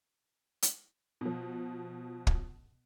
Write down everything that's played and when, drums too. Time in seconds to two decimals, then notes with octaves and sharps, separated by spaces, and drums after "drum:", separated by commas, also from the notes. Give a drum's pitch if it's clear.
0.62 drum: hi-hat
1.21 B2 F3
2.27 drum: kick